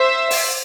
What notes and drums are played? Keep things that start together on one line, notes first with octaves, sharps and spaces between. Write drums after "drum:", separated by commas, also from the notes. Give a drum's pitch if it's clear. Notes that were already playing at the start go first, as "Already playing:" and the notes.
Already playing: C5 E5
drum: open hi-hat